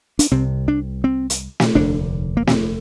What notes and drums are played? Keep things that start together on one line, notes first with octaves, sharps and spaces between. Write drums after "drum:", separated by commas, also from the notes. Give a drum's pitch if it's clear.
D4, drum: hi-hat
C2 C3 C4
D4
C4
drum: hi-hat
drum: snare
F1 D#2 D3 D4
A#3
C4, drum: snare